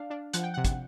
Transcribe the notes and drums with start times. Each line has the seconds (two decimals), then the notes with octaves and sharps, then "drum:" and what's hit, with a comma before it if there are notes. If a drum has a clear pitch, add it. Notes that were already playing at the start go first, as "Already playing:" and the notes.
Already playing: D4 F5
0.10 D4
0.34 F3 F#5, drum: hi-hat
0.43 G5
0.54 C3 F#5
0.65 drum: kick, hi-hat